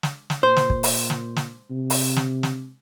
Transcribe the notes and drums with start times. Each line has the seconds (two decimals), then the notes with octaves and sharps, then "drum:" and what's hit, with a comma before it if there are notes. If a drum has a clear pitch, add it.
0.03 drum: snare
0.30 drum: snare
0.43 A#2 C5
0.56 drum: snare
0.70 drum: kick
0.83 drum: open hi-hat
1.10 drum: snare
1.36 drum: snare
1.70 C3
1.90 drum: open hi-hat
2.16 drum: snare
2.43 drum: snare